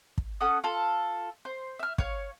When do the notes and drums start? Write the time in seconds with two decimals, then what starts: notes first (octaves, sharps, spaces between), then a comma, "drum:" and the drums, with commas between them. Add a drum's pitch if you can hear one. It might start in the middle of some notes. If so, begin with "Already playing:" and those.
0.18 drum: kick
0.41 C#4 A4 F#5 D#6
0.64 F4 A4
1.45 C5
1.79 E5 F6
1.98 C#5 F5, drum: kick